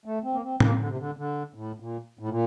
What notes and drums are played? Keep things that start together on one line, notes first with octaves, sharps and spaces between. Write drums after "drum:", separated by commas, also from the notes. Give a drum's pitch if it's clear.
A3
C4
A#3
C4
A#3, drum: tom A2
D3
C3
D3
D3
A2
A#2
A2
A#2